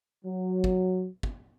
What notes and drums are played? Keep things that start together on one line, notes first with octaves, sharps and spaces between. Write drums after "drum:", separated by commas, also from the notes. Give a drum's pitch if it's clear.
F#3
drum: kick
drum: kick